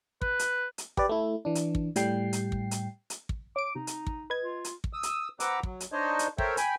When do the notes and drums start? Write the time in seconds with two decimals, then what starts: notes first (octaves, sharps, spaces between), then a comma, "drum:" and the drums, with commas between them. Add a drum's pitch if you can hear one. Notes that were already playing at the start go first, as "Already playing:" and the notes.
0.22 B4, drum: kick
0.39 drum: hi-hat
0.78 drum: hi-hat
0.97 G4 B4 D5, drum: kick
1.09 A3 E4
1.45 E3 D4
1.55 drum: hi-hat
1.75 drum: kick
1.96 A2 G3 G5 C7, drum: hi-hat
2.33 drum: hi-hat
2.52 drum: kick
2.71 drum: hi-hat
3.10 drum: hi-hat
3.29 drum: kick
3.56 C#5 D6 D7
3.75 C3 D#4
3.87 drum: hi-hat
4.07 drum: kick
4.30 B4 D#5 G#6
4.42 F4
4.64 drum: hi-hat
4.84 drum: kick
4.93 D#6 E6
5.03 drum: hi-hat
5.40 C4 B4 F#5 A#5 D6 E6, drum: hi-hat
5.63 F#3, drum: kick
5.80 drum: hi-hat
5.92 D4 D#4 C5 C#5 D#5
6.19 drum: hi-hat
6.38 A4 A#4 C5 C#5 E5 G5, drum: kick
6.57 G5 G#5 B5, drum: hi-hat